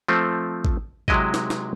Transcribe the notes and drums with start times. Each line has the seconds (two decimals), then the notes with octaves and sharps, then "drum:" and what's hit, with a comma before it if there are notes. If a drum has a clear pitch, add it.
0.08 F3 A3 C4
0.65 drum: kick
1.08 C3 F#3 G#3 E4 D#5, drum: kick
1.34 drum: snare
1.50 drum: snare